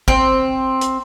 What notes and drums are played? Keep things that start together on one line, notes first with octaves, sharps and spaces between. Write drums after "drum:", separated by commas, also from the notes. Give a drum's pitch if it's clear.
C4, drum: kick
drum: hi-hat